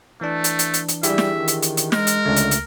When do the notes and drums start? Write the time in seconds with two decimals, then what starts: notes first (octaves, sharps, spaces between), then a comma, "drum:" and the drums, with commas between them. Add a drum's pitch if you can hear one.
0.21 E3 A3 D4
0.44 drum: hi-hat
0.59 drum: hi-hat
0.74 drum: hi-hat
0.88 drum: hi-hat
1.03 G3 E4 G4 G#4 E5, drum: hi-hat
1.18 drum: snare
1.38 D#3
1.48 drum: hi-hat
1.62 drum: hi-hat
1.77 drum: hi-hat
1.92 G#3 A#4, drum: snare
2.07 drum: hi-hat
2.26 C#2 D3 A3 C#4 D4
2.36 drum: hi-hat
2.51 drum: hi-hat